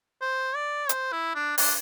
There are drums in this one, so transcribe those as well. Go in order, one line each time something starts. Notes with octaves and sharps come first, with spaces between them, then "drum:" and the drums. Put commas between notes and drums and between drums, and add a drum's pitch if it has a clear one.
C5
D5
C5, drum: hi-hat
E4
D4
D4, drum: open hi-hat